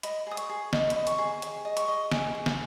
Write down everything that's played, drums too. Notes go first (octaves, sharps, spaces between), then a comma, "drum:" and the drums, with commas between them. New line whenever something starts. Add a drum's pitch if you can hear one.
D#5 B5, drum: hi-hat
G#4 D#6
C#6, drum: hi-hat
G#4
D#5, drum: snare
B5, drum: hi-hat
D#5
C#6, drum: hi-hat
G#4
G#4, drum: hi-hat
D#5
C#6, drum: hi-hat
D#5
G#4, drum: snare
G#4
drum: snare